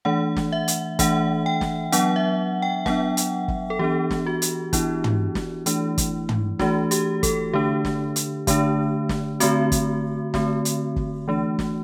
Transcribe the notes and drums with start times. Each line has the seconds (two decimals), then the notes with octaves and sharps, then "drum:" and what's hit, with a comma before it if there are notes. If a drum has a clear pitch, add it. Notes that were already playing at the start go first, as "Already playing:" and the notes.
0.05 E3 A3 D4 F#5
0.36 drum: snare
0.52 E5
0.68 drum: hi-hat
0.99 E3 A3 D4 F#5, drum: kick F#1, hi-hat
1.46 G5
1.61 drum: snare
1.92 F#3 B3 D4 F#5, drum: hi-hat
2.16 E5
2.62 G5
2.86 F#3 B3 D4 F#5, drum: snare
3.17 drum: hi-hat
3.48 drum: kick F#1
3.70 A4
3.79 E3 B3 D4 G4
4.11 drum: snare
4.26 F#4
4.42 drum: hi-hat
4.73 E3 B3 D4 E4, drum: kick F#1, hi-hat
5.04 drum: tom
5.35 drum: snare
5.66 E3 A3 D4, drum: hi-hat
5.98 drum: kick F#1, hi-hat
6.29 drum: tom
6.59 E3 A3 D4 F#4, drum: snare
6.91 G4, drum: hi-hat
7.23 A4, drum: kick F#1, hi-hat
7.53 D3 A3 D4 G4
7.85 drum: snare
8.16 drum: hi-hat
8.47 D3 A3 D4, drum: kick F#1, hi-hat
9.09 drum: snare
9.40 D3 A3 C4 F#4, drum: hi-hat
9.72 drum: kick F#1, hi-hat
10.34 D3 A3 C4, drum: snare
10.65 drum: hi-hat
10.96 drum: kick F#1
11.28 E3 A3 D4
11.59 drum: snare